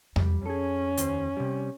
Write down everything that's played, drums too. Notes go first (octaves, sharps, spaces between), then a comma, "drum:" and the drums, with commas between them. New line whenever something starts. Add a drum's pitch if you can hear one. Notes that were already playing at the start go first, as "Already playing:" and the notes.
F2 G3, drum: tom E2
C#4 G#4 A4
D#2 C5, drum: hi-hat
C3 G3